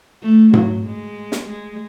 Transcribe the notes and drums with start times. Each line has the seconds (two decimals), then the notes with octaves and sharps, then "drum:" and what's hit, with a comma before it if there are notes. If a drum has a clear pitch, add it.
0.22 A3
0.53 F#3, drum: tom G#2
0.86 G#3
1.32 drum: snare
1.49 G#3